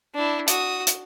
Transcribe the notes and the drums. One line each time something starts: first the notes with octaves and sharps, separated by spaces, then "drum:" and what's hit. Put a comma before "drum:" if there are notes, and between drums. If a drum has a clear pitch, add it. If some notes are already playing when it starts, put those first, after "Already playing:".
D4 E4
F#4 D#6, drum: hi-hat
drum: hi-hat